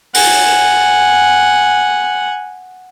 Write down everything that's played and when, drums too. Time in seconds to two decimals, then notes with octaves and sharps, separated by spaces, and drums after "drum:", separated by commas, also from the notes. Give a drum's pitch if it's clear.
0.14 F#5 G#5, drum: open hi-hat